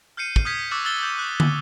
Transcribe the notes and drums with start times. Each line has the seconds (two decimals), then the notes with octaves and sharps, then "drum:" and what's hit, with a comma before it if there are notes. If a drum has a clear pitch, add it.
0.17 F6 G6 C7 C#7 D#7
0.36 drum: kick
0.45 D#6 F6 G6 G#6 B6
0.71 C#6 D6 E6 F#6 A6
0.85 E6 F#6 A6 G7
1.02 G6 A6
1.18 D#6 F#6
1.40 drum: tom